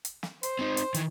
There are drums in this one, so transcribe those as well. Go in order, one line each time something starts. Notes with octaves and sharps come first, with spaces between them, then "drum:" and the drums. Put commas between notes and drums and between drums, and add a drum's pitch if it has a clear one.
drum: hi-hat
drum: snare
C5, drum: hi-hat
C4 D#4
drum: hi-hat
D#3 E3, drum: hi-hat